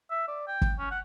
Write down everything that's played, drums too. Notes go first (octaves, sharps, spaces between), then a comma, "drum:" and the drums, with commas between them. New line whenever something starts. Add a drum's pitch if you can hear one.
E5
D5
G5
drum: kick
C#4
F#5